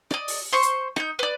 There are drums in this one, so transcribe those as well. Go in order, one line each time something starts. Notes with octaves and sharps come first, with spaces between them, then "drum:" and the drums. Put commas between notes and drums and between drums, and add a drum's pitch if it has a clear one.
D5 D#5, drum: rim click
drum: open hi-hat
C5 C6 C#6
drum: hi-hat
D#4 G6, drum: rim click
B4 D5